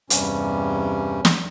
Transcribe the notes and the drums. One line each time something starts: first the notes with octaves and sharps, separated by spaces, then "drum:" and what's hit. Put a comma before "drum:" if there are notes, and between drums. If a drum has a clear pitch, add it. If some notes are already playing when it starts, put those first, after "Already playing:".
E2 G2 C3 G3 C#4, drum: hi-hat
drum: snare